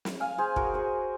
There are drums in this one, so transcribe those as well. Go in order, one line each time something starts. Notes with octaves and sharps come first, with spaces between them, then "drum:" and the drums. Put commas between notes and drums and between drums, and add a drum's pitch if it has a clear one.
drum: snare
F5 G#5
G#4 C5
F#4 A#4, drum: kick
G#4 C5